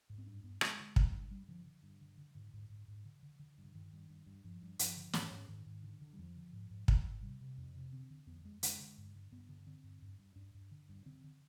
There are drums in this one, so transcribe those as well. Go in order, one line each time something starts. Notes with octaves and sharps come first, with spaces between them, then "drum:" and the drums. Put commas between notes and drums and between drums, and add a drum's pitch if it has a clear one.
G#2
C4
G2 D4
G2 B3
G2 G#3, drum: rim click
D3
G2, drum: kick
G2
G2 G3
D3 F3
D3
G2
D3
D3
G#2 D3
G#2
G#2
G#2
D3
D3
D3
G2
D3
G2 D#3
G2
G2
G2
G2 F3
G2
G2 F3, drum: hi-hat
D3
G#2, drum: snare
G#2
G#2 D#3
G#2
D3
D3
G3
F2 F3
D3
G#2
G#2
G#2, drum: kick
G#2
C3 G3
C3
F2
C3
D3 C4
D3
F2 B3
F2 G#3
D3 G#3, drum: hi-hat
D3
G2
D3
G2 B3
D3
D3 C4
G2
G2
G2
G2 D4
G2
D3
G2
D3 C4
D3